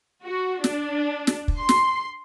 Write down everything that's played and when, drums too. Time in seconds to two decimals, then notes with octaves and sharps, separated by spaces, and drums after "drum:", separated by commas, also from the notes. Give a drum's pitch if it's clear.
0.23 F#4
0.64 D4, drum: snare
1.27 drum: snare
1.48 drum: kick
1.58 C6
1.69 drum: snare